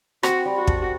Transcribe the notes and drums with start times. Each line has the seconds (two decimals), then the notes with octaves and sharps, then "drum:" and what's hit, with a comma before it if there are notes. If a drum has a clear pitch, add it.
0.23 C4 F#4, drum: rim click
0.45 G3
0.56 F#4
0.67 A4, drum: kick